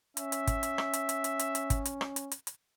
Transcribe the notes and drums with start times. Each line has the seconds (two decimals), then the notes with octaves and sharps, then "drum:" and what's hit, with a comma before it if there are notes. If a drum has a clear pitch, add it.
0.17 C#4 E5, drum: hi-hat
0.32 drum: hi-hat
0.47 drum: kick, hi-hat
0.63 drum: hi-hat
0.78 drum: rim click
0.93 drum: hi-hat
1.09 drum: hi-hat
1.24 drum: hi-hat
1.39 drum: hi-hat
1.55 drum: hi-hat
1.70 drum: kick, hi-hat
1.85 drum: hi-hat
2.01 drum: rim click
2.16 drum: hi-hat
2.32 drum: hi-hat
2.47 drum: hi-hat